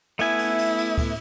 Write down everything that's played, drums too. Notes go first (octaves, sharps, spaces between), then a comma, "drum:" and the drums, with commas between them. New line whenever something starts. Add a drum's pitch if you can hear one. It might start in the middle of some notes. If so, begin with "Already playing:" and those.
A3 B3 E4 G#5, drum: cymbal
drum: cymbal
drum: cymbal
drum: cymbal
drum: kick, cymbal